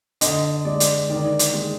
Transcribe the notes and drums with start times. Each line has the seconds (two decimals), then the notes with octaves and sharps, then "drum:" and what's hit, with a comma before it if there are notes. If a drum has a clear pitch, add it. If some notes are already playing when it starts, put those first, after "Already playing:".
0.21 D3 D#5, drum: hi-hat
0.65 G#3 D5
0.80 drum: hi-hat
1.09 D#3 D5
1.39 drum: hi-hat
1.53 G#3